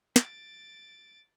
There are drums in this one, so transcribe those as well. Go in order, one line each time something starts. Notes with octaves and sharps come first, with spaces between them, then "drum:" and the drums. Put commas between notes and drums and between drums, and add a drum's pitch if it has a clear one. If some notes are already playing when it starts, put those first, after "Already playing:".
A6 D7, drum: snare